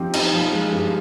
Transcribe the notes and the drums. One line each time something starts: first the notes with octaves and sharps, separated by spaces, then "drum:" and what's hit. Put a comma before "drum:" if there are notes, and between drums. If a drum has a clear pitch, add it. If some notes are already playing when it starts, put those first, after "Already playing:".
Already playing: F3 C4 D#4 G4
D#4, drum: cymbal
F3
G#3
G2